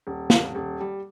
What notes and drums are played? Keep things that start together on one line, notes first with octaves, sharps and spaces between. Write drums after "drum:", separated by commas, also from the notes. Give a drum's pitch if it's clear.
D#1
drum: snare
D#1
G3